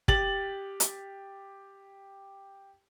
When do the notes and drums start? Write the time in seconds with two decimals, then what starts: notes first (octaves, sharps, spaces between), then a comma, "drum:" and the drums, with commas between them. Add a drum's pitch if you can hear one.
0.08 G4 A6 F#7, drum: kick
0.80 drum: hi-hat